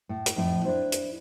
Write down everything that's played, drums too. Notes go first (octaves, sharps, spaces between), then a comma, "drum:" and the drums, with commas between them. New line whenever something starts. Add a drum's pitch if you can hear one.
A2
drum: hi-hat
F2 A2 E4
D4 E4 C5
drum: hi-hat